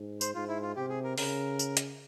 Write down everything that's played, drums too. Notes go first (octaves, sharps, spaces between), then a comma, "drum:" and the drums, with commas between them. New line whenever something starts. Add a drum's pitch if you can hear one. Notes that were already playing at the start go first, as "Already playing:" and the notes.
Already playing: G#2
C5, drum: tambourine
G#2 F4
E4
F4
C3 G4
G#4
A#4
C#3 A#4, drum: open hi-hat
drum: tambourine
drum: hi-hat